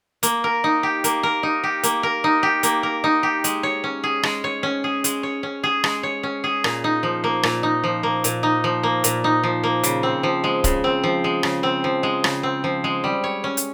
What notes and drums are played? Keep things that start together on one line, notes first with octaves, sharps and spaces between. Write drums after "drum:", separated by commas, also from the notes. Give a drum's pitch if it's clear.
A#3, drum: hi-hat
A#4
D#4
G4
A#3, drum: hi-hat
A#4
D#4
G4
A#3, drum: hi-hat
A#4
D#4
G4
A#3, drum: hi-hat
A#4
D#4
G4
G#3, drum: hi-hat
C#5
C#4
G#4
G#3, drum: rim click
C#5
C#4
G#4
G#3, drum: hi-hat
C#5
C#4
G#4
G#3, drum: rim click
C#5
C#4
G#4
A#2, drum: rim click
D#4
F3
A#3
A#2, drum: rim click
D#4
F3
A#3
A#2, drum: hi-hat
D#4
F3
A#3
A#2, drum: hi-hat
D#4
F3
A#3
C#3, drum: hi-hat
C4
F3
G#3
C#3, drum: kick, hi-hat
C4
F3
G#3
C#3, drum: rim click
C4
F3
G#3
C#3, drum: rim click
C4
F3
G#3
G3
C#5
C#4
drum: hi-hat